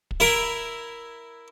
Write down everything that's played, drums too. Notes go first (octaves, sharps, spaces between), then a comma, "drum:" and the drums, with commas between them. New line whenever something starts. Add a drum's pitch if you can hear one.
drum: kick
E4 A#4